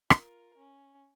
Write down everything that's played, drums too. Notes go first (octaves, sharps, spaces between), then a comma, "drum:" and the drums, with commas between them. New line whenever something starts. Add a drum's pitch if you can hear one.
F4 A#4, drum: rim click
C#4